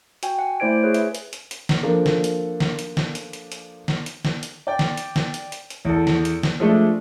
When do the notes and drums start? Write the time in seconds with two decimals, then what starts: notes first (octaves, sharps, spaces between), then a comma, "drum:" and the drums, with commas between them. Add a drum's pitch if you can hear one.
0.23 F#4 G5 G#5, drum: hi-hat
0.39 F#5
0.60 A3 E4 C5 D5 G#6 D7
0.82 G#4 B4 C#5
0.94 E5, drum: hi-hat
1.15 drum: hi-hat
1.33 drum: hi-hat
1.51 drum: hi-hat
1.69 drum: snare
1.83 F3 A#3 D4 A4 A#4
2.06 drum: snare
2.24 drum: hi-hat
2.60 drum: snare
2.79 drum: hi-hat
2.97 drum: snare
3.15 drum: hi-hat
3.33 drum: hi-hat
3.52 drum: hi-hat
3.88 drum: snare
4.06 drum: hi-hat
4.25 drum: snare
4.43 drum: hi-hat
4.67 D5 G5
4.79 drum: snare
4.97 drum: hi-hat
5.16 drum: snare
5.34 drum: hi-hat
5.52 drum: hi-hat
5.70 drum: hi-hat
5.85 E2 A4
6.07 drum: snare
6.25 drum: hi-hat
6.43 drum: snare
6.60 F3 G#3 A3 D4